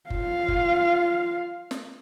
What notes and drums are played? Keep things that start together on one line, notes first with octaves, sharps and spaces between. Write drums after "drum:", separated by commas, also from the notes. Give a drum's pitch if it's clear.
F4 F5, drum: kick F#1
drum: kick F#1
drum: snare